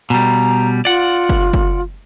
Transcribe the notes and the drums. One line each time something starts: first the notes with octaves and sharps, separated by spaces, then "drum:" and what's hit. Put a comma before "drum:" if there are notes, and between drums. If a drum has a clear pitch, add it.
B2 G3 A#5
F4 D5 F#5
drum: kick F#1
drum: kick F#1